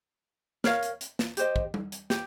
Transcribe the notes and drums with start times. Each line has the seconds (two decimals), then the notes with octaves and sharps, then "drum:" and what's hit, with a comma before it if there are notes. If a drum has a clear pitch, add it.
0.64 A#4 C#5 F5, drum: snare
0.83 drum: hi-hat
1.01 drum: hi-hat
1.19 drum: snare
1.37 G4 C5 D#5, drum: hi-hat
1.56 drum: kick
1.74 drum: tom G3
1.92 drum: hi-hat
2.10 G4, drum: snare